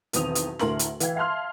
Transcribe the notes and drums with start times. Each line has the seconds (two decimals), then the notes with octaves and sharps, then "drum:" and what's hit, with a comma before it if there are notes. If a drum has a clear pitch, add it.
0.13 B1 E2 D#3 C4 D#6 F7, drum: hi-hat
0.35 drum: hi-hat
0.59 D2 A2 A#4 C6 F#7, drum: snare
0.79 drum: hi-hat
1.00 E3 F5 G5 G#6, drum: hi-hat
1.16 E5 F5 A5 C6 F6